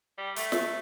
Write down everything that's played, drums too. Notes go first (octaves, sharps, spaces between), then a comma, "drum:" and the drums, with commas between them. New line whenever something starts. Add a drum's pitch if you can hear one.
G3
A3, drum: hi-hat
drum: snare